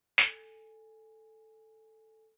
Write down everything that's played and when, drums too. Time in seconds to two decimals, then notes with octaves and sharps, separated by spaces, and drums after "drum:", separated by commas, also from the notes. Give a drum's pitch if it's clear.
0.18 A4 G#5, drum: snare